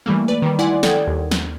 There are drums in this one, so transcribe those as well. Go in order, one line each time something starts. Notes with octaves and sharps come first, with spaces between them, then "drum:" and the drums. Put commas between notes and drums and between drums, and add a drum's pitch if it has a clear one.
E3 G3 A3 A#3
B4 D5
D#3 G3
E4 D5 F#5 G#5 C6 D6
A4 D5 F#5 G5 D#6 G#6, drum: snare
D#2
drum: snare